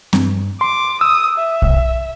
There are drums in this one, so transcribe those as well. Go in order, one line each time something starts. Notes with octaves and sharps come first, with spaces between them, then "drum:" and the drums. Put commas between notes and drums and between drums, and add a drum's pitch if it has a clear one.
G2, drum: snare C4
C6 D6
D#6 E6
E5
drum: kick